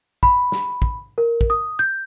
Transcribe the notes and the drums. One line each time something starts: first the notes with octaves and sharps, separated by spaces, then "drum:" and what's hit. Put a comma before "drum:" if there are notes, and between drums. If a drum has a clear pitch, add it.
B5, drum: kick
drum: snare
drum: kick
A#4
drum: kick
D#6
G6